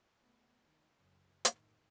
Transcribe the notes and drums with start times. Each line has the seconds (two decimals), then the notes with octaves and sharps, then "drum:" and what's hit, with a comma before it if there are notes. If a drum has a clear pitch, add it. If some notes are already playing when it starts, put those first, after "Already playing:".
0.16 A3 B3
0.64 D#3
0.94 F#2 C#3
1.45 A2 D#3, drum: hi-hat